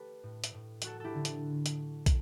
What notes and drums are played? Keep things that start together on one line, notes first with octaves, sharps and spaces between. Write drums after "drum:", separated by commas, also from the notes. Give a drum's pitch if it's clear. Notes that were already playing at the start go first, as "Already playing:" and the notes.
Already playing: A3 G4 A4 B4
A2
drum: hi-hat
A2
F#3 F#4 A4, drum: hi-hat
E4 G4 A4
D3
drum: hi-hat
drum: hi-hat
drum: kick, hi-hat